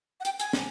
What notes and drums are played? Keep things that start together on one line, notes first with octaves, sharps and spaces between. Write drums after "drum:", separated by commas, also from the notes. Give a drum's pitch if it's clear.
F#5
G5, drum: hi-hat
G#5, drum: hi-hat
drum: snare